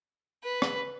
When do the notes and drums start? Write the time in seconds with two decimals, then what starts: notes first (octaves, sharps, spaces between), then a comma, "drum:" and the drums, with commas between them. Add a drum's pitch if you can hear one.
0.44 B4
0.62 drum: rim click